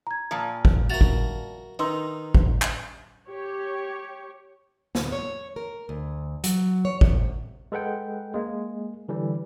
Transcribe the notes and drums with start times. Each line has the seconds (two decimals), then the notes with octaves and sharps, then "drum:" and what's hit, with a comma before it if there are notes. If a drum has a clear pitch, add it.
0.07 A#5 G#6
0.31 A#2 F3
0.65 drum: kick
0.90 F#4 A#4 E5 A6 F7
1.01 drum: kick
1.79 D#3 D#4 B4 C6 E6
2.35 drum: kick
2.62 drum: clap
3.28 G4 C#5
4.95 D2, drum: snare
5.12 C#5
5.56 A#4
5.89 D2
6.44 F#3, drum: hi-hat
6.85 C#5
7.01 C3, drum: kick
7.72 G#3 A4 B4 F#5 G5
8.34 G#3 A#3
9.09 D3 E3 G3